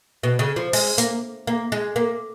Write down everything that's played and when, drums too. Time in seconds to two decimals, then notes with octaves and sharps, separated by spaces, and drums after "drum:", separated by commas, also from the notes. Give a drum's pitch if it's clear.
0.23 B2
0.39 C#3
0.56 F3
0.73 G#3, drum: open hi-hat
0.98 A#3, drum: hi-hat
1.47 A#3
1.72 G#3
1.96 A#3